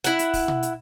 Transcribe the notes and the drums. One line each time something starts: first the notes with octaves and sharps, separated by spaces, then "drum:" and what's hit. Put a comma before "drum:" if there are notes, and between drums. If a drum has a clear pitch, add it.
E4 F#5, drum: hi-hat
drum: hi-hat
drum: kick, open hi-hat
drum: tom B2
drum: hi-hat